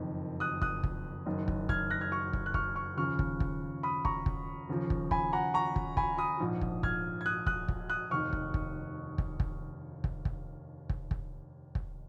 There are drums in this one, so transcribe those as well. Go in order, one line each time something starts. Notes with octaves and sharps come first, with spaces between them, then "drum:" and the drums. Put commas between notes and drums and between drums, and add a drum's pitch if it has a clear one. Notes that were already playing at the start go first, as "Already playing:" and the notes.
Already playing: F#1 F2 D#3
D#6 F#6
D#6 F#6, drum: kick
drum: kick
F#1 F#2 D#3
drum: kick
F6 G#6, drum: kick
F#6 A#6
F6 G#6
C#6 F6
drum: kick
F#6
C#6 F6, drum: kick
C#6 F6
D#2 C#3 F3 C#6 F6
drum: kick
drum: kick
B5 D#6
A#5 C#6, drum: kick
drum: kick
D#2 C#3 F3
drum: kick
G#5 B5, drum: kick
F#5 A#5
A#5 C#6
drum: kick
G#5 B5, drum: kick
B5 D#6
A#1 G#2 F3
drum: kick
F6 G#6, drum: kick
G#6
D#6 F#6
D#6 F#6, drum: kick
drum: kick
D#6 F#6
F1 D#2 D#3 C#6 F6
drum: kick
drum: kick
drum: kick
drum: kick
drum: kick
drum: kick
drum: kick
drum: kick
drum: kick